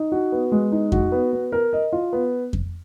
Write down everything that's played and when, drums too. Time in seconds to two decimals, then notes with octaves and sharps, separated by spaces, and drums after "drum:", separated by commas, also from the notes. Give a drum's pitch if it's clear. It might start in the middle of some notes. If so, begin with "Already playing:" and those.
Already playing: D#4
0.12 F#4
0.32 B3
0.52 G#3
0.72 D#4
0.92 F#4, drum: kick F2
1.12 B3
1.33 B3
1.52 A#4
1.73 D#5
1.93 F4
2.13 B3
2.53 drum: kick F2